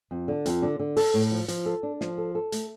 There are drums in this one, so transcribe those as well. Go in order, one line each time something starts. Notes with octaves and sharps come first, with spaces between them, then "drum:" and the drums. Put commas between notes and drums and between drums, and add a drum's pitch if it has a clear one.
F2
D3
F2, drum: hi-hat
D3
D3
A4, drum: open hi-hat
A2
F3
F3, drum: hi-hat
A4
D4
F3, drum: snare
A4
A4
A3, drum: hi-hat